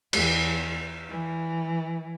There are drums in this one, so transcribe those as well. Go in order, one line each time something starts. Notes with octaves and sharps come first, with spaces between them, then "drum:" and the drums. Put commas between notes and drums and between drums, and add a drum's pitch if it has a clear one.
E2, drum: cymbal
E3